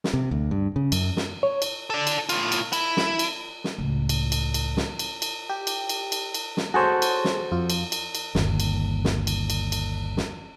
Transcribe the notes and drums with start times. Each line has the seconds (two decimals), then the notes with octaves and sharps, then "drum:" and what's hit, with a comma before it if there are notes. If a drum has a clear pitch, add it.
0.04 drum: snare
0.13 C3
0.31 D2
0.51 G2
0.76 C#3
0.92 F#2, drum: cymbal
1.17 drum: snare
1.43 C#5
1.62 drum: cymbal
1.90 A4 D5
2.07 drum: cymbal
2.29 A2 F4, drum: cymbal
2.52 drum: cymbal
2.73 E4, drum: cymbal
2.97 drum: snare
3.19 drum: cymbal
3.64 drum: snare
3.78 C#2 A2
4.09 drum: cymbal
4.32 drum: cymbal
4.54 drum: cymbal
4.77 drum: snare
4.99 drum: cymbal
5.22 drum: cymbal
5.49 G4
5.67 drum: cymbal
5.89 drum: cymbal
6.12 drum: cymbal
6.34 drum: cymbal
6.57 drum: snare
6.74 F#4 G#4 A4 C5 C#5
7.02 drum: cymbal
7.25 drum: snare
7.52 F2 F4
7.70 drum: cymbal
7.92 drum: cymbal
8.15 drum: cymbal
8.35 G1 D#2, drum: snare
8.60 drum: cymbal
9.05 drum: snare
9.27 drum: cymbal
9.50 drum: cymbal
9.72 drum: cymbal
10.17 drum: snare